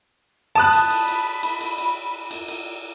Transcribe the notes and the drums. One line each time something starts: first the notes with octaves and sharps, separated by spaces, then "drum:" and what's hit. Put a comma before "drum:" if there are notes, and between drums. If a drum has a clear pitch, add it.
A5 B5 D#6 F#6
drum: cymbal
drum: cymbal
drum: cymbal
drum: cymbal
drum: cymbal
drum: cymbal
drum: cymbal
drum: cymbal